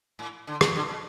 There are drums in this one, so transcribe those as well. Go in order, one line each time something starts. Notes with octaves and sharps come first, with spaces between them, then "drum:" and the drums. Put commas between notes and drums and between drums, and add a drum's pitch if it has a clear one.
A2
D3
drum: rim click
D3
B2